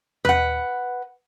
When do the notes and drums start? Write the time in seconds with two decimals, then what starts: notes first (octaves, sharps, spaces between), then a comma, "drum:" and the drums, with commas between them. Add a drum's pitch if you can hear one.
0.25 B4 F#5, drum: tom